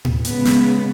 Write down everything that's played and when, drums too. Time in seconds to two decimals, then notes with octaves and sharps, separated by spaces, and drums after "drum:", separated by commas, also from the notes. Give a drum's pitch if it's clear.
0.05 drum: tom A2
0.25 C#3 G#3 B3, drum: hi-hat
0.45 drum: snare